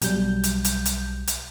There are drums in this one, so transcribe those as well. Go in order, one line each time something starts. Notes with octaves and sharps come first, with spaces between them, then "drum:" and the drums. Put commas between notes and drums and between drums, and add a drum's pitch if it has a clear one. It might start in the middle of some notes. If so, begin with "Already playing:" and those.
B1 F#3 G3 G6, drum: hi-hat
drum: hi-hat
drum: hi-hat
drum: hi-hat
drum: hi-hat